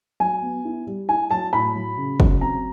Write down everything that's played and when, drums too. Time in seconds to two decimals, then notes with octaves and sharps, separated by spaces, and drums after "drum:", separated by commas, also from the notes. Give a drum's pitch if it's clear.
0.20 F#3 G#5
0.42 B3
0.65 E4
0.87 G3
1.09 E4 G#5
1.31 F#3 A5
1.53 A2 B5
1.75 F#3
1.97 C#3
2.20 F#3, drum: kick
2.41 C4 A#5